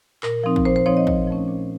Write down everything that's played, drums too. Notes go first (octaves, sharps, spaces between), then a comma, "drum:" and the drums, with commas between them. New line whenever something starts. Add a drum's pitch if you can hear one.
A#2 A#4, drum: clap
F3 C4 D#4
drum: kick
A#2 C5
C5
F3 C4 D#4 C#5
D#5
A#2 D#5, drum: kick
F3 A3 C#4
A#2